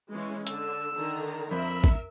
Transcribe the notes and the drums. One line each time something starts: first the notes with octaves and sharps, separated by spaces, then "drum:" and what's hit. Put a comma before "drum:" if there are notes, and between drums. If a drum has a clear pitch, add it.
E3 G#3 C#4
D3 E6, drum: hi-hat
D3 D#3 A#5
F2 A#4 E5 B5
drum: kick